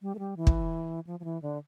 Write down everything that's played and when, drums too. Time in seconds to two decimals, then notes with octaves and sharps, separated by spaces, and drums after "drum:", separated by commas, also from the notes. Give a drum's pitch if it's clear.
0.02 G3
0.15 A3
0.19 G3
0.37 E3
0.47 drum: kick
1.07 F3
1.20 F3
1.24 E3
1.42 D3